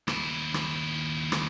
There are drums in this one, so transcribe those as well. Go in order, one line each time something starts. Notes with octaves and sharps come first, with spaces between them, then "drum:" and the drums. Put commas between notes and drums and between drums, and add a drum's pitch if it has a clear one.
D#2 E4, drum: rim click
drum: rim click
drum: rim click